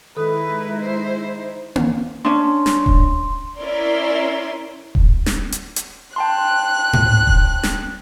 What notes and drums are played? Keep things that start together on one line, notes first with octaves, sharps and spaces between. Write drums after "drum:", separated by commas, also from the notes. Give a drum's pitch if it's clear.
D#3 G#3 D#4 E4 A4 B4 D#6
C5
drum: tom A#3
C#4 D4 C6
drum: snare
drum: kick D#1
C#4 E4 A#4 D5 C6
drum: kick D#1
drum: snare
drum: hi-hat
drum: hi-hat
G5 A5 C6 F#6
drum: tom G#2
drum: kick D#1
drum: snare